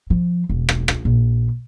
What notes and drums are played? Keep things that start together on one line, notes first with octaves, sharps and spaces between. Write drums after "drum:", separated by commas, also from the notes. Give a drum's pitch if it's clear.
F3
E1
drum: rim click
drum: rim click
A#1